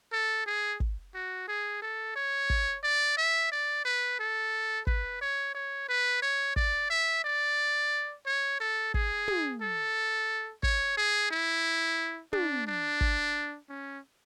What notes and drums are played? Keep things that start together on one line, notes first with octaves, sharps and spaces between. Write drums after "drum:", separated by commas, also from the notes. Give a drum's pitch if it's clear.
A4
G#4
drum: kick
F#4
G#4
A4
C#5
drum: kick
D5
E5
D5
B4
A4
B4, drum: kick
C#5
C#5
B4
C#5
D5, drum: kick
E5
D5
C#5
A4
G#4, drum: kick
drum: tom
A4
C#5, drum: kick
G#4
E4
D4, drum: tom
D4
drum: kick
C#4